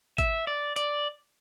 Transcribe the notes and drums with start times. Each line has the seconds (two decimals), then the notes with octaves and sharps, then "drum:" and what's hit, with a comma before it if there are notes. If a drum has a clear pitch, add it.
0.18 E5, drum: kick G#1, hi-hat
0.47 D5
0.76 D5, drum: hi-hat